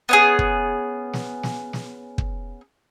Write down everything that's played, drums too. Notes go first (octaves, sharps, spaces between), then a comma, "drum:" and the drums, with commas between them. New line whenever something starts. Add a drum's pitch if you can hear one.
B3 C#4 G#4
drum: kick
drum: snare
drum: snare
drum: snare
drum: kick